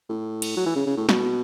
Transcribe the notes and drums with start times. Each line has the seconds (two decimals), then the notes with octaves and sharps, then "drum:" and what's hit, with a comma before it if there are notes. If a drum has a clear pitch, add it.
0.09 A2
0.42 drum: cymbal
0.57 F#3
0.66 E3
0.76 C#3
0.86 C#3
0.97 A2
1.09 B2, drum: snare